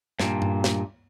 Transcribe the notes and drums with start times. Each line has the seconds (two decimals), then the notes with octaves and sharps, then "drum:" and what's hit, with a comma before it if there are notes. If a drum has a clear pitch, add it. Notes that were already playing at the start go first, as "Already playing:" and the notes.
0.19 G2 A#2, drum: snare
0.42 drum: tom G2
0.64 drum: snare